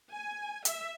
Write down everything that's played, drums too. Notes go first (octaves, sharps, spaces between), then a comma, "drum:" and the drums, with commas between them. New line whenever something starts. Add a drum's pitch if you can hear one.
G#5
E5, drum: hi-hat